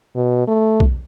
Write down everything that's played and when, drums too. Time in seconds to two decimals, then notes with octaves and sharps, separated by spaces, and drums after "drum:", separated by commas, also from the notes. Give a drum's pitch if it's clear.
0.16 B2
0.47 A3
0.80 drum: kick B1